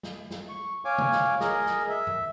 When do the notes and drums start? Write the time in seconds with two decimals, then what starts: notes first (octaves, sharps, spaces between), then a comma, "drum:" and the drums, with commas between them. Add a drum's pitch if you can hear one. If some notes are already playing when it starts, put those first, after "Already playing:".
0.03 drum: snare
0.31 drum: snare
0.49 C#6
0.85 C#5 F5 G#5 D6
0.98 drum: tom C3
1.12 drum: snare
1.40 G#4 A#4 D#5, drum: snare
1.66 drum: snare
1.89 E5
2.07 drum: tom G2